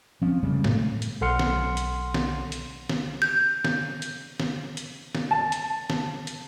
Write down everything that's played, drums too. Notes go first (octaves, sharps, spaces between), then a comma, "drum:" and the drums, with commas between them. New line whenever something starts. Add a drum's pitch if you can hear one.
F3 C4 C#4
F#2 C#3 G3 G#3
A2 A3, drum: snare
drum: hi-hat
B1 A4 F#5 C6 F6 C#7
drum: snare
drum: hi-hat
drum: snare
drum: hi-hat
drum: snare
G6
drum: snare
drum: hi-hat
drum: snare
drum: hi-hat
drum: snare
A5
drum: hi-hat
drum: snare
drum: hi-hat